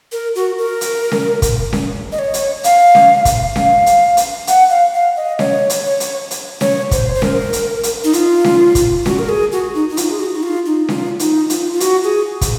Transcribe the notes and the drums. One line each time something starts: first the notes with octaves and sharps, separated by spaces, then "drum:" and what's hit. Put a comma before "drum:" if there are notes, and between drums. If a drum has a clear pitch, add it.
A#4
F#4
A#4
drum: hi-hat
drum: snare C#4
drum: kick, hi-hat
drum: snare C#4
D#5
C#5
drum: hi-hat
F5, drum: hi-hat
drum: snare C#4
drum: kick, hi-hat
F5, drum: snare C#4
drum: hi-hat
drum: hi-hat
F#5, drum: hi-hat
F5
F5
D#5
C#5, drum: snare C#4
drum: hi-hat
C#5
drum: hi-hat
drum: hi-hat
C#5, drum: snare C#4
C5, drum: kick, hi-hat
C5
A#4, drum: snare C#4
drum: hi-hat
drum: hi-hat
D#4
F4, drum: hi-hat
drum: snare C#4
drum: kick, hi-hat
F#4, drum: snare C#4
A#4
G#4
F#4
D#4
D#4
F4, drum: hi-hat
G#4
F#4
D#4
F4
D#4
F4, drum: snare C#4
D#4, drum: hi-hat
F4, drum: hi-hat
F4
F#4, drum: hi-hat
G#4
drum: kick, hi-hat